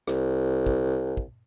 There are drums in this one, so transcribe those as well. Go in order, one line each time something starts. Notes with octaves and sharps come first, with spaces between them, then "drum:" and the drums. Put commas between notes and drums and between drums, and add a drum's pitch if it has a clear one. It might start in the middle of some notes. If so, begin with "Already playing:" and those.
C2, drum: rim click
drum: kick
drum: kick